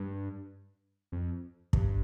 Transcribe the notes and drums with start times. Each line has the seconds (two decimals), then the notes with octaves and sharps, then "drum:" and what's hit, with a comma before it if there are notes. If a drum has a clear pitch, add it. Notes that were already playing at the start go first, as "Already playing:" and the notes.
Already playing: G2
1.12 F2
1.73 G2, drum: kick